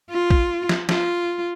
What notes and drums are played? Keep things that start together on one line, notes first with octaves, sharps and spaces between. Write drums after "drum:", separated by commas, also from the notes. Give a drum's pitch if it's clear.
F4
drum: kick
drum: snare
F4, drum: snare